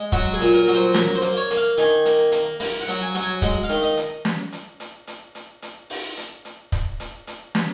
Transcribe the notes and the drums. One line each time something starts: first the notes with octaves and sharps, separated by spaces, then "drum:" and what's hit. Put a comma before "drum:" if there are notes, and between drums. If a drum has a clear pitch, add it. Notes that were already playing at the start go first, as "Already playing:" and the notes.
Already playing: G#3
F#3 F#4, drum: kick, hi-hat
G#4
A#2, drum: hi-hat
A#4
F#3, drum: hi-hat
C5
A#3 A#4, drum: snare
C5
A#3, drum: hi-hat
C#5
A#3, drum: hi-hat
F5
D#3 G#5, drum: hi-hat
A#3, drum: hi-hat
A#3, drum: hi-hat
A#3 A#5, drum: open hi-hat
F#5
F#3, drum: hi-hat
G#5
F#3, drum: hi-hat
G#5
G#3 F#5, drum: kick, hi-hat
F5
D#3, drum: hi-hat
D#5
drum: hi-hat
drum: snare
drum: hi-hat
drum: hi-hat
drum: hi-hat
drum: hi-hat
drum: hi-hat
drum: open hi-hat
drum: hi-hat
drum: hi-hat
drum: kick, hi-hat
drum: hi-hat
drum: hi-hat
drum: snare